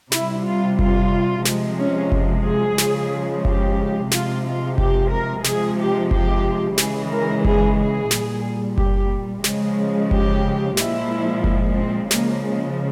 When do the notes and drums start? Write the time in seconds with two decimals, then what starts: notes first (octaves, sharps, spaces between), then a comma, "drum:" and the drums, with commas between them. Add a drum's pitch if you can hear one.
0.12 C3 G3 E4, drum: snare
0.45 F4
0.79 F4, drum: kick F#1
1.45 C3 F3 G#3, drum: snare
1.78 C#4
2.12 drum: kick F#1
2.44 G#4
2.78 C#3 F3 G#3, drum: snare
3.45 G4, drum: kick F#1
4.11 C3 F3 G#3 F4, drum: snare
4.45 F4
4.78 G4, drum: kick F#1
5.11 A#4
5.44 C3 F3 G#3 G#4, drum: snare
5.79 G4
6.11 G4, drum: kick F#1
6.78 C#3 E3 G#3 G#4, drum: snare
7.11 A#4
7.45 G#4, drum: kick F#1
7.77 G#4
8.11 A#2 G3, drum: snare
8.78 G4, drum: kick F#1
9.44 C#3 F3 G#3, drum: snare
10.11 G4, drum: kick F#1
10.77 A#2 F3 G#3 E4, drum: snare
11.44 drum: kick F#1
11.77 C4
12.11 C#3 F3 G#3 A#3, drum: snare
12.43 G#3